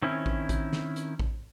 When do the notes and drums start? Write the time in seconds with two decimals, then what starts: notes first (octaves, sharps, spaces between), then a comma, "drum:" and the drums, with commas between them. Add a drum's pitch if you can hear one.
0.02 D#3 C4 C#4 E4
0.26 drum: kick A1
0.49 drum: kick A1, hi-hat
0.73 drum: snare
0.96 drum: hi-hat
1.19 drum: kick A1